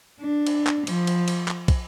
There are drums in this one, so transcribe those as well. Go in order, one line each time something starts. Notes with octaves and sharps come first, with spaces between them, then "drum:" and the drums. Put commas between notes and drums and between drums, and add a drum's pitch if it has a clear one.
D4
drum: cymbal
drum: clap
F3, drum: cymbal
drum: cymbal
drum: cymbal
drum: clap
drum: kick, cymbal